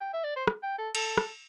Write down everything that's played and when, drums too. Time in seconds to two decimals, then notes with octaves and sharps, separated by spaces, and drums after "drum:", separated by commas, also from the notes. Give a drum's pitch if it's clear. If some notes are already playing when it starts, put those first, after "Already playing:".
0.01 G5
0.13 E5
0.24 D5
0.36 C5
0.47 drum: rim click
0.63 G5
0.78 A4
0.95 A4, drum: cymbal
1.18 drum: rim click